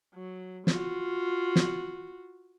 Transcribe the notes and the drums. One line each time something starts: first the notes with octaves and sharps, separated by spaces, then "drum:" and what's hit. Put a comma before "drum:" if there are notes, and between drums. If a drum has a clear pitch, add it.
F#3
F4 F#4, drum: snare
drum: snare